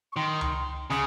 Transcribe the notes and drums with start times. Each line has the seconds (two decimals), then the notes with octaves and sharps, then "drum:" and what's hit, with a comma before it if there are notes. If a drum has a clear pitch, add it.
0.12 C#6
0.16 D#3 C6
0.41 drum: tom C#2
0.90 C#3 D#6, drum: snare